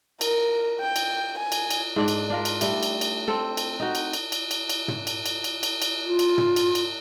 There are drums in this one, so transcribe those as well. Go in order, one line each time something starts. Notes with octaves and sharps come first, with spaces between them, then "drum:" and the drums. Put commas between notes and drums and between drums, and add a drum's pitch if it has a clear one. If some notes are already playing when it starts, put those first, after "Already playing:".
A#4, drum: cymbal
G5
drum: cymbal
G#5
drum: cymbal
drum: cymbal
G#2 D4 D5
drum: cymbal
D4 F4 A#4
drum: cymbal
G3 A3, drum: cymbal
drum: cymbal
drum: cymbal
C4 A4
drum: cymbal
D#4 F#4
drum: cymbal
drum: cymbal
drum: cymbal
drum: cymbal
drum: cymbal
drum: tom
drum: cymbal
drum: cymbal
drum: cymbal
drum: cymbal
drum: cymbal
F4
drum: cymbal
drum: tom
drum: cymbal
drum: cymbal